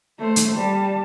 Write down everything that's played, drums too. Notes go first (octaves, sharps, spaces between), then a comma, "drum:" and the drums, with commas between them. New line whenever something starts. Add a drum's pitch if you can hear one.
A3 C5
drum: hi-hat
G3 A5